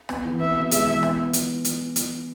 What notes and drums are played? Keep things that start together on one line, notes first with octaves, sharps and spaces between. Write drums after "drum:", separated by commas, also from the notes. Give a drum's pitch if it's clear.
B3, drum: rim click
E3
B3 E5
B2
G#3 E5, drum: hi-hat
E3
B3, drum: rim click
drum: hi-hat
drum: hi-hat
drum: hi-hat